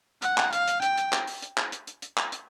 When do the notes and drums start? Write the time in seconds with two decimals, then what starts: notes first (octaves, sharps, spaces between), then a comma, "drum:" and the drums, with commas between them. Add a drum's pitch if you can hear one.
0.22 F#5, drum: hi-hat
0.38 drum: clap
0.53 F5, drum: hi-hat
0.68 drum: hi-hat
0.82 G5, drum: hi-hat
0.98 drum: hi-hat
1.12 drum: clap
1.27 drum: open hi-hat
1.42 drum: hi-hat
1.57 drum: clap
1.72 drum: hi-hat
1.87 drum: hi-hat
2.02 drum: hi-hat
2.17 drum: clap
2.32 drum: hi-hat